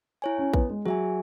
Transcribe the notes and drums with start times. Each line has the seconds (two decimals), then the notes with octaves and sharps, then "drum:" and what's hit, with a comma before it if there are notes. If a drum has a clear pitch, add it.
0.22 E4 C#5 G#5
0.38 C#4
0.54 B3, drum: kick A#1
0.70 G#3
0.85 F#3 G#4 E5 G#5